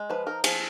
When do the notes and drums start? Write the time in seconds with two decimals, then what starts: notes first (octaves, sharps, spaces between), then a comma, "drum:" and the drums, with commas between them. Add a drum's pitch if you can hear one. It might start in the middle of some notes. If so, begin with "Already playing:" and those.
Already playing: G#3
0.10 F3 B4
0.26 D#4 A#4
0.44 F3 G#4, drum: cymbal